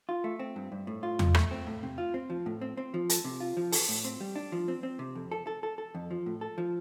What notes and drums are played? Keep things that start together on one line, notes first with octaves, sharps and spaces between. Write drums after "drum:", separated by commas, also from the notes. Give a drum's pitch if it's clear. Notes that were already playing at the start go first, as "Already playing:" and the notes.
F4
A3
C4
G2
G2
A2
F4
F2, drum: tom E2
A3, drum: rim click
C4
A2
C3
F4
C4
F3
A2
C4
C4
F3
A4, drum: hi-hat
C3
F4
F3
A4, drum: open hi-hat
A2
C4
G3
D4
F3
C4
C4
C3
F2
A4
A4
A4
A4
F2
F3
A2
A4
F3